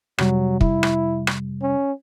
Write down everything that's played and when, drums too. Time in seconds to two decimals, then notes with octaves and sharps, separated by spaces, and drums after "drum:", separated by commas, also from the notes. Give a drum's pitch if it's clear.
0.18 F2 C3 F#3 G3, drum: rim click
0.61 E4, drum: kick
0.83 drum: rim click
1.27 drum: rim click
1.62 C#4